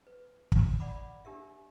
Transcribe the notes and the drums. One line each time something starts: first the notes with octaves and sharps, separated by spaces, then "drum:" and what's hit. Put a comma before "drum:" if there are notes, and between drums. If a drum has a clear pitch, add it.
B4
drum: kick
D5 F#5 B5 D6
D4 G4 A#4 E5